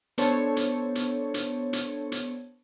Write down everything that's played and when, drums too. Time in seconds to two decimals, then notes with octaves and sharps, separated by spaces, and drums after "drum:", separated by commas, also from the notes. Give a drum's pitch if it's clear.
0.18 B3 D4 A4 C5 C#5, drum: hi-hat
0.56 drum: hi-hat
0.95 drum: hi-hat
1.34 drum: hi-hat
1.73 drum: hi-hat
2.12 drum: hi-hat